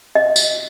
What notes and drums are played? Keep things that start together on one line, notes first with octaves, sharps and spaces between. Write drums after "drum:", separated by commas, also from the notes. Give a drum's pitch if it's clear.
D#5
drum: tambourine